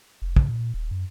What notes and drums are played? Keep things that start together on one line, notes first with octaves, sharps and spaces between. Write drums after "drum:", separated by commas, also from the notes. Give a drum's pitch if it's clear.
F1
C#3, drum: kick
A#2
D#1
F#2